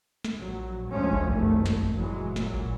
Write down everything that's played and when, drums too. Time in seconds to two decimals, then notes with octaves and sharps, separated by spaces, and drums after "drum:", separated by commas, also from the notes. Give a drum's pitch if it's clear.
0.24 drum: snare
0.37 A#1 F#3
0.89 D2 G#2 F3 G#3 A3 C#4
1.13 drum: kick G1
1.26 F#1 C2 F2 G#2 D#3 A3
1.66 drum: snare
1.83 drum: kick G1
1.94 A#2 E3 F#3 G#3
2.36 A#2 E3 F#3, drum: snare
2.54 drum: kick G1